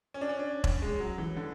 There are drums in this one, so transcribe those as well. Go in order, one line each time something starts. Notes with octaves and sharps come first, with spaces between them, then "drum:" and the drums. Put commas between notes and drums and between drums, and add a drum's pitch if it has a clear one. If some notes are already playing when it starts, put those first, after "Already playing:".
C#4
D4
C#4
D4
C#4, drum: kick E1
G#3
F#3
E3
D3